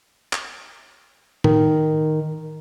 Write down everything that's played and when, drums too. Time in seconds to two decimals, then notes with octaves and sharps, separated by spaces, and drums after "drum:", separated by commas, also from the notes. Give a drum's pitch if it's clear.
0.33 drum: clap
1.44 D#3, drum: tom A2